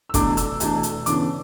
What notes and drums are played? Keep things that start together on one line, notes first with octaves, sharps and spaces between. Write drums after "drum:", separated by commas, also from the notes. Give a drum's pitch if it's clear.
E6
E2 B2 A3 D4 D6, drum: kick, hi-hat
E6, drum: hi-hat
E2 B2 A3 D4, drum: hi-hat
drum: hi-hat
C#3 E3 B3 D4 D6, drum: hi-hat